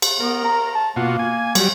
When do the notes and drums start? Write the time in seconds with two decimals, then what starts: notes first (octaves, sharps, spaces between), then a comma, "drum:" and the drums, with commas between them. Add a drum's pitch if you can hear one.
0.02 drum: cymbal
0.20 B3 A#4
0.45 A#5
0.75 A5
0.96 B2 A#3 F4 F#4
1.19 G#5
1.55 F#3 G3, drum: cymbal